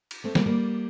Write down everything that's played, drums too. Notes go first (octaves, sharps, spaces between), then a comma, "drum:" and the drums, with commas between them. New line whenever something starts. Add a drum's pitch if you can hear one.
drum: cymbal
A3 C4
G3 A#3, drum: snare
G3 A#3